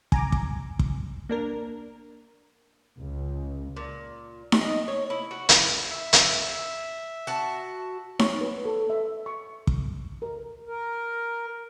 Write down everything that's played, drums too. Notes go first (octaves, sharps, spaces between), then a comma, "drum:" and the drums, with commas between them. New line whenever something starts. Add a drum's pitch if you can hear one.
G#5 A#5 D6, drum: kick
drum: kick
drum: kick
A#3 D4 A#4
C#2
A#2
drum: snare D#4
D#5
C#5
E4
F#4
E4, drum: hi-hat
E5
drum: hi-hat
F#4 A5
C#5, drum: snare D#4
B4
A4
E5
C#6
drum: kick
A#4
A#4